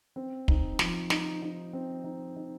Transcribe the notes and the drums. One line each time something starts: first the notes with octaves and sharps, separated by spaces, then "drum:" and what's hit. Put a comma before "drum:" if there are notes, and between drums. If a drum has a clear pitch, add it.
C4
D#4, drum: kick
F3, drum: snare
D#4, drum: snare
D#4
C4
D#4
D#4